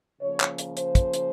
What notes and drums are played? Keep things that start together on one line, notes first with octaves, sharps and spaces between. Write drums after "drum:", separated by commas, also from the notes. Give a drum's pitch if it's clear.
C#3 F3 A#3 C#5
drum: clap
drum: hi-hat
C5, drum: hi-hat
drum: kick, hi-hat
drum: hi-hat